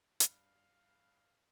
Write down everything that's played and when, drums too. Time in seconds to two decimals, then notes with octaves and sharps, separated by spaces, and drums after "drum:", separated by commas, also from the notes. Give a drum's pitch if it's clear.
0.20 G2 F5, drum: hi-hat